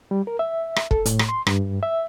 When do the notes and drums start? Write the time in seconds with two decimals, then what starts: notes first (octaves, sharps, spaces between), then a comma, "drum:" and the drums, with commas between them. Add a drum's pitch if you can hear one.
0.11 G3
0.27 A#4
0.39 E5
0.76 drum: rim click
0.91 A4, drum: kick
1.06 A2, drum: hi-hat
1.19 drum: rim click
1.29 C6
1.47 G2, drum: rim click
1.83 E5